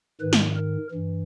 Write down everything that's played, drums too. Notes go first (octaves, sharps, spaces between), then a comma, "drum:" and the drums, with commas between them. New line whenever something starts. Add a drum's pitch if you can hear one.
G#2 D#3 B4
drum: snare
A#4
G2 E3